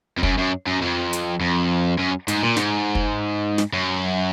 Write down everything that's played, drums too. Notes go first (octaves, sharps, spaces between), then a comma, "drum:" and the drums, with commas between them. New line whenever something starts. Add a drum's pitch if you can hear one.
F2
F#2, drum: kick
F#2
F#2
F2
drum: hi-hat
F2
F#2
G#2, drum: hi-hat
A#2
G#2, drum: snare
drum: kick
drum: snare
F#2